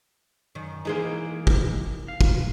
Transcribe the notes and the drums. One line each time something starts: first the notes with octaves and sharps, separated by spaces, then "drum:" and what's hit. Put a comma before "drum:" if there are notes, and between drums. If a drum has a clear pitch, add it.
F#2 D#3
E3 G#3 A#3 D#4 G#4 C5
drum: kick
F5
drum: kick